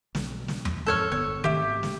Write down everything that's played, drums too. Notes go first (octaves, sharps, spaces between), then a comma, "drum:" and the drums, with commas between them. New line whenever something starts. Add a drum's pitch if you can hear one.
B1, drum: snare
drum: snare
drum: tom E2
F2 G#2 C3 A4 C#5 F6
G1 D3 B3 C#5
G#1 C3 D#3 A3 G4 E5
drum: snare